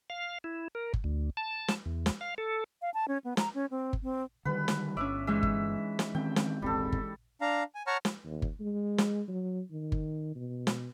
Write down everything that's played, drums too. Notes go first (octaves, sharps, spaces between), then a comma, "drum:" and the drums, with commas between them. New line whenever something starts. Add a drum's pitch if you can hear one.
F5
E4
A#4
drum: kick G1
D2
A5
drum: snare
E2
drum: snare
F5
A4
F5
A5
C#4
B3
A#5, drum: snare
C#4
C4
drum: kick G1
C4
D3 D#3 G3 B4
drum: snare
G1 C#4 D4 D5 E5
E3 G#3 D#4 E5
drum: kick G1
drum: snare
D#3 C4 C#4 G5
drum: snare
D#1 G#1 G3 C4 A4
drum: kick G1
D4 F5 A#5
G#5
C#5 F#5 A5 A#5 C#6 F6
drum: snare
D#2
drum: kick G1
G#3
drum: snare
F#3
D#3
drum: kick G1
B2
drum: snare